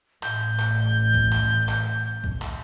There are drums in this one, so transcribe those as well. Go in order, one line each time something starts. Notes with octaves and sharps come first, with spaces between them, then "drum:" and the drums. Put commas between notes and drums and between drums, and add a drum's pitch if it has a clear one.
A1 G6, drum: clap
drum: clap
drum: kick A#1
drum: clap
drum: clap
drum: kick A#1
drum: clap